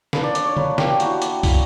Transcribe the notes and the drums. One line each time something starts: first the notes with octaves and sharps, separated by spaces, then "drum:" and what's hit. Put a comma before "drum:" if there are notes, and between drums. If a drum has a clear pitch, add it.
A#3 D4 B4, drum: snare
D5
D5, drum: hi-hat
C#5
A#3 D4 B4, drum: tom D3
G4, drum: snare
A#3 E4 F#4, drum: hi-hat
D5, drum: hi-hat
A#3 E4, drum: kick, open hi-hat